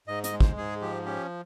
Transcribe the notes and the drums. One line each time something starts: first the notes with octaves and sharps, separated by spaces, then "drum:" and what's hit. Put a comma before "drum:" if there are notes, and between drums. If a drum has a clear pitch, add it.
G#2 D#5
D#5, drum: hi-hat
G#3
C5, drum: kick
G#2 G#4
F3 G4
C#4 G4